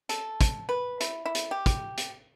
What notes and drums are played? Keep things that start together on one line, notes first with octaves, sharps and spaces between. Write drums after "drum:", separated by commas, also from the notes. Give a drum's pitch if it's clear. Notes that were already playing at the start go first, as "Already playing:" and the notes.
A4, drum: hi-hat
drum: kick, hi-hat
B4
E4, drum: hi-hat
E4
drum: hi-hat
G4
drum: kick, hi-hat
drum: hi-hat